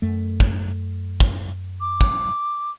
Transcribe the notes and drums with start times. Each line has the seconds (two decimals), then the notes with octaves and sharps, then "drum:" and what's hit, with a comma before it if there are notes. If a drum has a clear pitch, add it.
0.02 F#2 A3
0.40 drum: kick
1.20 drum: kick
1.81 D6
2.01 drum: kick